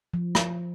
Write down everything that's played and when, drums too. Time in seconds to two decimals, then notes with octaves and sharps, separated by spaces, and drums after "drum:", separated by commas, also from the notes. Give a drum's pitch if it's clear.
0.14 F3
0.35 drum: rim click